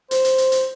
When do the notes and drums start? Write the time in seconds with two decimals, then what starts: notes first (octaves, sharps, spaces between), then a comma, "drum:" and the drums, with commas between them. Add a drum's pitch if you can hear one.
0.11 C5, drum: hi-hat
0.25 drum: hi-hat
0.38 drum: hi-hat
0.52 drum: hi-hat